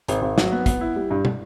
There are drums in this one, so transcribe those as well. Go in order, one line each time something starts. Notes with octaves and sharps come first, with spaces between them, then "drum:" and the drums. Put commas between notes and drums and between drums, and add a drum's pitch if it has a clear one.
G#1, drum: hi-hat
G#1
F#3, drum: snare
B3
B3, drum: kick, hi-hat
E4
G3
G2
drum: tom